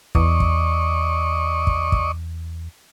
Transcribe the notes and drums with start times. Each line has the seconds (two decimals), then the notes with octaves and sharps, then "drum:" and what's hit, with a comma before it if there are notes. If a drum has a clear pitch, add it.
0.15 E2 D5 D#5 C#6, drum: kick
0.40 drum: kick
1.67 drum: kick
1.92 drum: kick